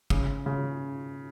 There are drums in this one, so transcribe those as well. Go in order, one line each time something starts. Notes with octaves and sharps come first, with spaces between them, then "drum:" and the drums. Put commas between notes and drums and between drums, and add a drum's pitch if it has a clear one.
C#3, drum: kick
C#3